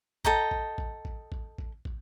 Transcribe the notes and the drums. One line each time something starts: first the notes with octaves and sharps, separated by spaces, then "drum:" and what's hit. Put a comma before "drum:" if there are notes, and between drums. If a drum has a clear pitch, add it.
A4 D#5 G5 A#5, drum: kick
drum: kick
drum: kick
drum: kick
drum: kick
drum: kick
drum: kick